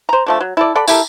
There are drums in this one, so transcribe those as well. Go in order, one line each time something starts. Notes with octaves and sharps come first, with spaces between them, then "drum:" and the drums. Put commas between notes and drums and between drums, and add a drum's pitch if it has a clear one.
C5 A#5
D3 F3 A3
F#3
E4 A4 D5
A4 D5 F#5 B5
E4 G4 A4 A#4, drum: tambourine